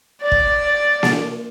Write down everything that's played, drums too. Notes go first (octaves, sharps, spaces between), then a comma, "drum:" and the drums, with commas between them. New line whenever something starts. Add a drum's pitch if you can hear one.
D5
drum: kick
drum: snare A#3